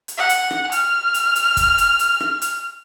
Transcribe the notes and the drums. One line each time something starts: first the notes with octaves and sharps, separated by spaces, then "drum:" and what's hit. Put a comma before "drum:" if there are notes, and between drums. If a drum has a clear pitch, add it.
drum: hi-hat
F#5
drum: hi-hat
drum: rim click
F6, drum: hi-hat
drum: hi-hat
drum: hi-hat
drum: kick, hi-hat
drum: hi-hat
drum: hi-hat
drum: rim click
drum: hi-hat